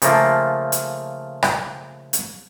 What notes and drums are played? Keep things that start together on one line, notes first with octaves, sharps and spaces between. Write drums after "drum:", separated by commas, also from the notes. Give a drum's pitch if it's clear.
C#3 F3 A3 A#3, drum: hi-hat
drum: hi-hat
drum: rim click
drum: hi-hat